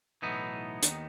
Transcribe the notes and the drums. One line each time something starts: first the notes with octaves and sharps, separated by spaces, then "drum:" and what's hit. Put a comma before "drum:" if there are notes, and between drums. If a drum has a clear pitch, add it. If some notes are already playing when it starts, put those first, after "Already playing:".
B1 A2 E3 B3 D#4
D#2 D#3, drum: hi-hat